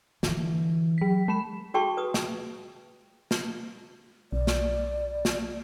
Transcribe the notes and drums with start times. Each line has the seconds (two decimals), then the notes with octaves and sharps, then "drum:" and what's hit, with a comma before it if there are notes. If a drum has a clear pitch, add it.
0.23 D3 E3, drum: snare
0.98 F#3 B6
1.28 G#3 B5 E7
1.74 F#4 G#4 G5 A5 C6 C#6
1.97 B4 D#6
2.14 drum: snare
3.31 drum: snare
4.32 B1 D5
4.47 drum: snare
5.25 drum: snare